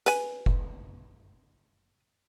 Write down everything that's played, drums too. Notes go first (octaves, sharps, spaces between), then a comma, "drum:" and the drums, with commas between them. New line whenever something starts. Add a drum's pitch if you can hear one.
B4 G#5, drum: hi-hat
drum: kick F1